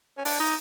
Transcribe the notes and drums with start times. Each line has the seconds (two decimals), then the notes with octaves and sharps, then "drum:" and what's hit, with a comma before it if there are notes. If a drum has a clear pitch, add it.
0.18 C#4
0.25 D4, drum: open hi-hat
0.40 D#4